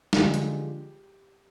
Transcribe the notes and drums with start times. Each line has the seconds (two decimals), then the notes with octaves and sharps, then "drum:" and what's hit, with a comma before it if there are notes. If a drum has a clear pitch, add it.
0.13 D3 F3 G#3 G4, drum: snare
0.34 drum: hi-hat